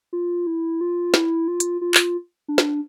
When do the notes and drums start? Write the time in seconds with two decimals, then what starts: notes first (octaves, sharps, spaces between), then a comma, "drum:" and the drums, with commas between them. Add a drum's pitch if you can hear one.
0.13 F4
0.47 E4
0.81 F4
1.14 E4, drum: snare
1.48 F4
1.60 drum: hi-hat
1.81 F4
1.94 drum: clap
2.48 D4
2.58 drum: snare